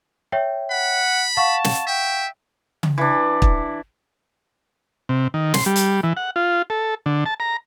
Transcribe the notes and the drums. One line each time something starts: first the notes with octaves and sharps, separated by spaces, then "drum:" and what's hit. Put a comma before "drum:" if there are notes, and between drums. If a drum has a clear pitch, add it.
C#5 E5 G5
F#5 B5
F5 F#5 A5 C#6
drum: snare
E5 G5
drum: tom C#3
E3 D4
drum: kick
C3
D#3
C6, drum: snare
G3
drum: hi-hat
E3
F#5
F4
A4
D3
A5
A#5